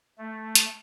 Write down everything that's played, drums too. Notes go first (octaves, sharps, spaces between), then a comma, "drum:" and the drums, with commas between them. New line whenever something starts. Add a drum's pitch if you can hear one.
A3
drum: hi-hat